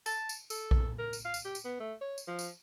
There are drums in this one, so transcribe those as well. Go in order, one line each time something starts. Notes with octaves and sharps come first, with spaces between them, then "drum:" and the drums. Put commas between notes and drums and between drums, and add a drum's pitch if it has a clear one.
A5, drum: tambourine
drum: tambourine
A4, drum: tambourine
drum: kick A#1
A#4
drum: tambourine
F5
drum: tambourine
G4
drum: tambourine
B3
A3
C#5
drum: tambourine
F3
drum: tambourine